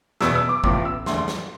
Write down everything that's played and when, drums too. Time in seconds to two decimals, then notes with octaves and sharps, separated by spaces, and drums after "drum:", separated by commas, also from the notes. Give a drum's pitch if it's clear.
0.21 E2 B2 B3 E6, drum: snare
0.35 E6
0.49 D6
0.64 A1 A2 F3 B3 D6, drum: kick
0.85 E6
1.06 E1 D2 D3 A3 C6, drum: snare
1.28 drum: snare